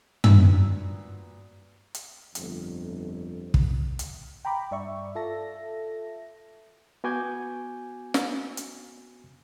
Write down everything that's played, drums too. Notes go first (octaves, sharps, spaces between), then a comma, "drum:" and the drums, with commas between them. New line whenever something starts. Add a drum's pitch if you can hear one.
A#2 B3 F#4 E6, drum: tom
drum: hi-hat
G1 F2, drum: hi-hat
drum: kick
drum: hi-hat
G5 A#5 B5 D6
G2 D5 E5 C#6
F4 A4 E5 A5 A#6
B3 F#4 G#5 D6 G6 G#6
drum: snare
drum: hi-hat